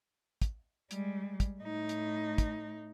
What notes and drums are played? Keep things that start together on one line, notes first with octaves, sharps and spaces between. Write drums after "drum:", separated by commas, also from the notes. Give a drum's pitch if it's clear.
drum: kick, hi-hat
G3 G#3, drum: hi-hat
drum: kick, hi-hat
A2 D#4
drum: hi-hat
drum: kick, hi-hat